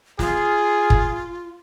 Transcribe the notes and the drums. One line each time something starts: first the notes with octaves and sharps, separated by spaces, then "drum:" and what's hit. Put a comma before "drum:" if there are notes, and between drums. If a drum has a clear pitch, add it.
F4 G#4, drum: snare
drum: kick